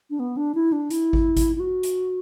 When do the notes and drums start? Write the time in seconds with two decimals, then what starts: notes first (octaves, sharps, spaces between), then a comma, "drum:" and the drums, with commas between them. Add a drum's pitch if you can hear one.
0.10 D4
0.20 B3
0.37 D4
0.55 E4
0.72 D4
0.90 E4, drum: hi-hat
1.13 drum: kick G#1
1.37 drum: kick G#1, hi-hat
1.56 E4
1.60 F#4
1.83 drum: hi-hat